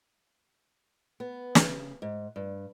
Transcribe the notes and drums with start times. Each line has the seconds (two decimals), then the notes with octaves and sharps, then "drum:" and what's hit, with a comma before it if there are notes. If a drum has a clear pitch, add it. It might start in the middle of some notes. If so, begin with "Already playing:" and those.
1.20 B3
1.55 C#3, drum: snare
2.02 G#2
2.36 G2